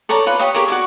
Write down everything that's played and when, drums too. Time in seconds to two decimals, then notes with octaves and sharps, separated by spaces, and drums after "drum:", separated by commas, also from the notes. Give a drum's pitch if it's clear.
0.09 A4 C#5 D5 A#5
0.26 F4 B4 C#5
0.39 G4 C#5 D#5, drum: hi-hat
0.54 G4 G#4 A#4 C#6, drum: hi-hat
0.68 F#4 D5 C#6, drum: hi-hat